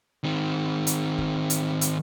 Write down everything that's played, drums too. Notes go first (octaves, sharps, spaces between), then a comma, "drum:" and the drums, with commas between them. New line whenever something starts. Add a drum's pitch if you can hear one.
D#3 C4
drum: hi-hat
drum: kick
drum: hi-hat
drum: hi-hat